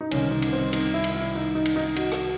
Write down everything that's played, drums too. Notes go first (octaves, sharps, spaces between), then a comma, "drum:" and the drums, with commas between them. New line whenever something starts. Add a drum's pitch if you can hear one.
D#4
C2 C3 D#3 C#4, drum: cymbal
D#4
drum: cymbal
C4
D#4, drum: cymbal
E4
drum: cymbal
E4
D#4
D#4
drum: cymbal
D#4
F#4, drum: cymbal
drum: rim click